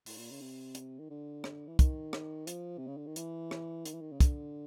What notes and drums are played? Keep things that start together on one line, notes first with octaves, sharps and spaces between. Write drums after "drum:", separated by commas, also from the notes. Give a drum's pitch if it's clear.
A2, drum: open hi-hat
A#2
C#3
C3
drum: hi-hat
D#3
D3
drum: rim click
E3
D#3, drum: kick, hi-hat
drum: rim click
F3, drum: hi-hat
C3
C#3
D3
D#3
E3, drum: hi-hat
drum: rim click
D#3, drum: hi-hat
E3
D#3
C#3
D3, drum: kick, hi-hat